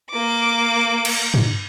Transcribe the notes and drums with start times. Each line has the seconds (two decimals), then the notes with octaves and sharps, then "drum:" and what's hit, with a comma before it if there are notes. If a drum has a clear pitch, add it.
0.11 A#3 D6
1.05 drum: cymbal
1.34 drum: tom G2